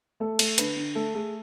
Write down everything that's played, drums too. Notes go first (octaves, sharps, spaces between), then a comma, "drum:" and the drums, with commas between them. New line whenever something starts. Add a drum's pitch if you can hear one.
A3 A4
A3, drum: cymbal
D3 B4, drum: hi-hat
D3
A3 A4
A3 G#4